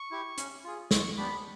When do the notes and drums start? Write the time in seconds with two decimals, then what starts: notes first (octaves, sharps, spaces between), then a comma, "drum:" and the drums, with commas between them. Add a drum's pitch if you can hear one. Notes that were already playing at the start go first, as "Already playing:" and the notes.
Already playing: C#6
0.11 E4 G4
0.38 C#4, drum: hi-hat
0.64 F4 G#4
0.91 G#3 C#6, drum: snare
1.17 B3 D4 G4 B5